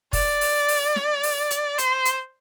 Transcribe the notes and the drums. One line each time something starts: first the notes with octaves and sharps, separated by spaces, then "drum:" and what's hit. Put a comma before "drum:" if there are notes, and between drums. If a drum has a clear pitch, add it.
D5, drum: kick, open hi-hat
drum: open hi-hat
drum: open hi-hat
drum: snare
drum: open hi-hat
drum: hi-hat
C5, drum: hi-hat
drum: hi-hat